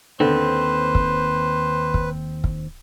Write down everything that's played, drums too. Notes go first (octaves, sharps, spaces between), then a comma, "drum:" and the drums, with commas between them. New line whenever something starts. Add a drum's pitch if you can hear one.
D#2 D3 C4 B4 C5
drum: kick
drum: kick
drum: kick